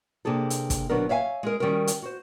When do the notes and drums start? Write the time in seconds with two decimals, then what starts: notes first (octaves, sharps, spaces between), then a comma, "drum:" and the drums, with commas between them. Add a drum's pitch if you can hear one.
0.25 C3 A#3 D4 G#4 A4
0.50 drum: hi-hat
0.70 drum: kick, hi-hat
0.90 B2 D3 F#3 B3 D4 A#4
1.09 C#5 E5 F5 G#5
1.43 G#3 G#4 A#4
1.60 D#3 G3 C#4 F#4 A#4
1.87 drum: hi-hat
2.02 F#4 C5